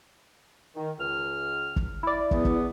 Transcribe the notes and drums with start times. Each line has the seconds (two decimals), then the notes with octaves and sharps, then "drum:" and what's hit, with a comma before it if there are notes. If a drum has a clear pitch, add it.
0.76 D#3
0.98 C#2 F6
1.76 drum: kick
2.03 E4 D5
2.31 E2 B3, drum: kick
2.45 drum: kick